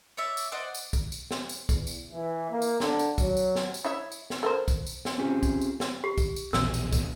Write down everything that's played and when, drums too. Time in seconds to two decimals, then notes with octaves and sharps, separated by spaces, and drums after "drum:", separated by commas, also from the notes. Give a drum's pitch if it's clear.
0.17 C#5 D5 E5
0.37 drum: tambourine
0.52 C5 D5 D#5 F#5
0.74 drum: tambourine
0.93 drum: kick, tambourine
1.12 drum: tambourine
1.31 drum: snare
1.49 drum: tambourine
1.69 E2, drum: kick, tambourine
1.87 drum: tambourine
2.12 E3
2.50 A#3
2.62 drum: tambourine
2.80 D3, drum: snare
2.99 drum: tambourine
3.18 F#3, drum: kick, tambourine
3.37 drum: tambourine
3.55 drum: snare
3.74 drum: tambourine
3.85 E4 C#5 E5
4.12 drum: tambourine
4.30 drum: snare
4.43 A4 A#4 C5
4.68 drum: kick, tambourine
4.86 drum: tambourine
5.05 drum: snare
5.18 C4 C#4 F4 G4 G#4
5.43 drum: kick, tambourine
5.61 drum: tambourine
5.80 drum: snare
6.04 G4
6.18 drum: kick, tambourine
6.36 drum: tambourine
6.53 A#1 E2 B2 E6, drum: snare
6.74 drum: tambourine
6.92 drum: kick, tambourine